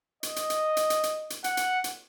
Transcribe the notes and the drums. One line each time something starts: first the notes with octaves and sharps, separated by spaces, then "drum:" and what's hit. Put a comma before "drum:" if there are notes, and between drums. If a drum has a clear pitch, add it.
D#5, drum: hi-hat
drum: hi-hat
drum: hi-hat
drum: hi-hat
drum: hi-hat
drum: hi-hat
drum: hi-hat
F#5, drum: hi-hat
drum: hi-hat
drum: hi-hat